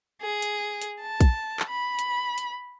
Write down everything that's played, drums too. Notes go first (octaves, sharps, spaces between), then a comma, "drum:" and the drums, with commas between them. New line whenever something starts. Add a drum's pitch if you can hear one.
G#4
drum: hi-hat
drum: hi-hat
A5
drum: kick A#1, hi-hat
drum: clap
B5
drum: hi-hat
drum: hi-hat